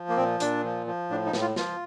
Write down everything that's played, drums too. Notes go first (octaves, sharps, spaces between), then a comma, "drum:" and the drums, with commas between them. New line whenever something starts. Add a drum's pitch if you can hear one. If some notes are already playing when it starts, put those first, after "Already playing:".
Already playing: F3
A#3
A#2 C4
A#2 D4, drum: hi-hat
F3
F3
A2 D4
D#4
A2, drum: snare
F4
F3 F4, drum: snare